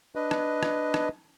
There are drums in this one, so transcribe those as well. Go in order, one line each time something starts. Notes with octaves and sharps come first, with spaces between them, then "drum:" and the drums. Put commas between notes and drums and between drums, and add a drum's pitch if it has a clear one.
D4 B4 D#5
drum: rim click
drum: rim click
drum: rim click